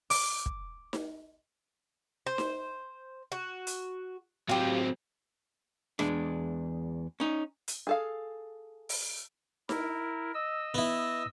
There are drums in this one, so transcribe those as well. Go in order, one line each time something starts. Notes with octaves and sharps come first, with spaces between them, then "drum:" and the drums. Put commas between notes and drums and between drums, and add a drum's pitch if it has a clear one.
D6, drum: open hi-hat
drum: kick
drum: snare D#4
C5
drum: snare D#4
F#4
drum: hi-hat
F#3 C4 F4 G4
E2 G#3 D4, drum: rim click
C#4 D#4
drum: hi-hat
G#4 A4 F5
drum: open hi-hat
E4 A#4, drum: snare D#4
D#5 E6
B3 E4